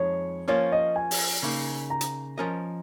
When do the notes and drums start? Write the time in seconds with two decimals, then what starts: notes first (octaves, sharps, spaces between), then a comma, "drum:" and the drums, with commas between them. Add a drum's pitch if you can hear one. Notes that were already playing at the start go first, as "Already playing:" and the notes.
Already playing: F2 F3 G#3 D#4 C#5
0.48 F3 A#3 C#4 F4 C#5
0.72 D#5
0.96 G#5
1.11 drum: open hi-hat
1.43 C#3 A#3 D#4
1.90 A#5
2.01 drum: hi-hat
2.38 F3 C#4 A#4 D#5